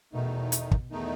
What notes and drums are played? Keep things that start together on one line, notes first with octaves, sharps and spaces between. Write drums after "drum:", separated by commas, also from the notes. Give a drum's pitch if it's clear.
E2 B2 D#3 A3 D#4
drum: hi-hat
drum: kick
E2 D#3 A3 D#4